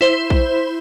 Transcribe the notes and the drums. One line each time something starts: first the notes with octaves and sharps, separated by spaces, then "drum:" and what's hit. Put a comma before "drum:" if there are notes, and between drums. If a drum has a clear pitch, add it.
E4 C5
drum: kick A#1